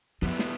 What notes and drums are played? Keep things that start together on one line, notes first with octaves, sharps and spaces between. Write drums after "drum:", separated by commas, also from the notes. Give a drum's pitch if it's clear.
F2 B2 G3 B3 E4
drum: snare